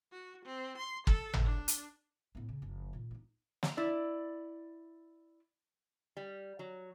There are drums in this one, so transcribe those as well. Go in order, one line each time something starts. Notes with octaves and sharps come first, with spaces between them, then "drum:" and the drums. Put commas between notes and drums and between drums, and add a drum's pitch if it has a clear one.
F#4
C4
C6
A4, drum: kick
drum: tom G#1
D4
drum: hi-hat
A2 B3
C#3
F#1 F3
A#2 D#3
F#3 D#4
drum: snare
E4 D5
G3
F#3